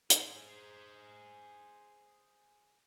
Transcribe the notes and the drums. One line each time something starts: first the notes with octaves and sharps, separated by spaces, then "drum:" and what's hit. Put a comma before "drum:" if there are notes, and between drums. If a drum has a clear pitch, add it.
G#4 C5, drum: hi-hat